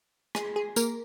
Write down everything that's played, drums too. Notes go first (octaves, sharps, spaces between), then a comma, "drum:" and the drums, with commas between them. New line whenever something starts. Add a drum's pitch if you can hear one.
G#4, drum: rim click
G#4
A#3 A#4, drum: tambourine